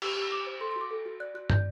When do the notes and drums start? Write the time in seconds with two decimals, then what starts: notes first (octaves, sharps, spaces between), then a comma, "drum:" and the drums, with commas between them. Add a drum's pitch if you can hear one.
0.02 G4 E6, drum: cymbal
0.16 G4
0.22 E6
0.31 G4 D6
0.47 C5
0.60 A4 C6
0.71 C6
0.76 F#4
0.81 D6
0.91 A4
1.06 F#4
1.20 D5 F#6
1.34 F#4 F#6
1.50 D5 G6, drum: tom